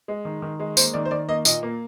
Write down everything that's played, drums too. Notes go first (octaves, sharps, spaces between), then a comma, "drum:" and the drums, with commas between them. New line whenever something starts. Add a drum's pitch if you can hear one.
G#3
D#3
D#3
G#3
A#3 C5, drum: tambourine
D#3 D5
C5
D#3 D5
A#3 D#5
A#2 D#5, drum: tambourine
A#3